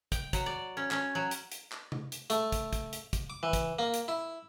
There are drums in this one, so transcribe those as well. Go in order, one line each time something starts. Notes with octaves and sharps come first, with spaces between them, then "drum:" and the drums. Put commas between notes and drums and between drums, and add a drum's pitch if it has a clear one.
G5, drum: kick, hi-hat
F#3, drum: kick, hi-hat
D5
C#4
C#4, drum: clap
F#3
drum: hi-hat
drum: hi-hat
drum: clap
drum: tom C3
drum: hi-hat
A3, drum: hi-hat
drum: kick, hi-hat
drum: kick, hi-hat
drum: hi-hat
drum: kick, hi-hat
D6
E3
drum: kick, hi-hat
A#3
drum: hi-hat
E4